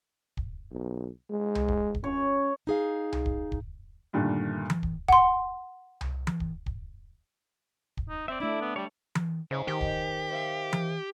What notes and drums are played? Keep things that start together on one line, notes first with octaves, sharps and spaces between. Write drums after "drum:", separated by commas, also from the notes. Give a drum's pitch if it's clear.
drum: kick
B1
G#3
drum: tom C2
drum: kick
drum: kick
C#4 C#5
D#4 G#4 F5
drum: tom C2
drum: kick
drum: kick
G2 A#2 D3 D#3 G3 A3
drum: tom E3
drum: kick
F#5 C6, drum: kick
drum: tom C2
drum: tom E3
drum: kick
drum: kick
drum: kick
D#4
C4 D5 E5
A3 D4 E4
B3
G3 C#5 D5
drum: tom E3
C#3 C5 D#5 G#5
D#3 G4
drum: kick
C5 E5 F5
drum: tom E3